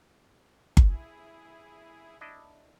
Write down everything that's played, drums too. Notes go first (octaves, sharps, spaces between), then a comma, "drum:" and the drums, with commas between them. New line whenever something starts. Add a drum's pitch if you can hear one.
E4 G#4, drum: kick G1
D4 E4 D#5